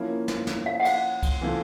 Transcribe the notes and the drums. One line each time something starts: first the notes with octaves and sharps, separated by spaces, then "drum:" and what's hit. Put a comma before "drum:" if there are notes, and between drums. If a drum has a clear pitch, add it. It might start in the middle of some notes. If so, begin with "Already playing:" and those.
Already playing: F3 A#3 C#4 E4
drum: snare
drum: snare
F5
F#5
F5, drum: cymbal
drum: kick C2, cymbal
E3 A3 C4 F4